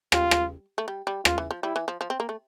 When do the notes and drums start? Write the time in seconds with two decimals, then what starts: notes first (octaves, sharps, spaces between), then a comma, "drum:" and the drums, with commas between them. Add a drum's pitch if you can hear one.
0.12 G3 F4, drum: rim click
0.31 drum: rim click
0.78 A3
0.88 G3
1.07 G3
1.25 F4, drum: rim click
1.38 E3
1.51 F3
1.63 G3 E4
1.76 E3
1.88 F3
2.01 F3
2.10 C4
2.20 A#3
2.29 A3